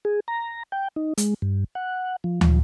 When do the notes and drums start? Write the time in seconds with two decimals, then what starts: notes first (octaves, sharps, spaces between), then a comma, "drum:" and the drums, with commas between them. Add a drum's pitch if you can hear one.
0.05 G#4
0.28 A#5
0.72 G5
0.96 D#4
1.18 G#3, drum: hi-hat
1.42 G2
1.75 F#5
2.24 F3
2.41 F3, drum: tom